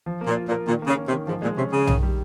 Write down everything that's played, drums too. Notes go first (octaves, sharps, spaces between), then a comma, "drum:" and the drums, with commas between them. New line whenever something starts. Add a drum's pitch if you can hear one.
F3
A#3
A#2
F4
A#2
A#4
A#2 D#3
C#3 A#3
C#4
C3
D#3
G#2 F3
A#2 G#3
C3 C#4
C#3 G#4
D#3, drum: tom B1
G3